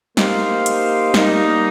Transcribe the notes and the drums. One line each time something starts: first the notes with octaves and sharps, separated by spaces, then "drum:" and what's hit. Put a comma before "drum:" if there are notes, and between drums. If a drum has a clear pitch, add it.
A#3 D#4 G4 C5 F5, drum: snare
drum: hi-hat
G3 A#3 D#4, drum: snare